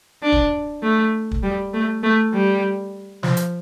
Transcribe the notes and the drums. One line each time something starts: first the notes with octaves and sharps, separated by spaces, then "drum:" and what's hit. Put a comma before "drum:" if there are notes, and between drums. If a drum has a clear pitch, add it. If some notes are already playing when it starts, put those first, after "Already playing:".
D4
drum: kick
A3
drum: kick
G3
A3
A3
G3
F3, drum: snare
drum: hi-hat